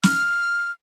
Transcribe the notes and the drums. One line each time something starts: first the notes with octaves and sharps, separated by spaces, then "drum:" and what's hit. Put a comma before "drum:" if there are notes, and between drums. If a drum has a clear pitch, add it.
F6, drum: snare